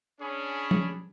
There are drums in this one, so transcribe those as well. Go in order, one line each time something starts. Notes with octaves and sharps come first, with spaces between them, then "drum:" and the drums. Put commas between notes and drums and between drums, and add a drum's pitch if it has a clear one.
C#4 D4 G#4 C#5 B5
drum: tom F3